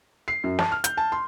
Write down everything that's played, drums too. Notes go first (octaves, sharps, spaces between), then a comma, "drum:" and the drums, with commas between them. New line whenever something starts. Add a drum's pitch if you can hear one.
C7
F#2
A5, drum: snare
F6
G6, drum: hi-hat
A5
C6